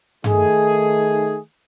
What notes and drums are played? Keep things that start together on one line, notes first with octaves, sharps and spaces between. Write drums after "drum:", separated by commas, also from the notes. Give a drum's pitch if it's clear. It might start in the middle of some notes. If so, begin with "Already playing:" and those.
D#3 A3 D#4 G#4, drum: tom G2